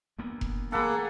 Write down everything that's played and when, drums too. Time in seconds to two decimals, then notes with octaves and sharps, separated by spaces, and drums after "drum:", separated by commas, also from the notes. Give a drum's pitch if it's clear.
0.18 D2 A#3 B3
0.41 drum: kick F1
0.72 E1 F2 A3 A#3 G#4 A4 F#5 B5